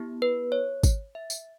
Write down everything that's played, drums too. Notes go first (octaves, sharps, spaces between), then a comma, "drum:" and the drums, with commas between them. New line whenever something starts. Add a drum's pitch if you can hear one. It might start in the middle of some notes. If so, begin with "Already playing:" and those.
Already playing: B3 E4 G4
B4
C#5
drum: kick G#1, tambourine
E5
drum: tambourine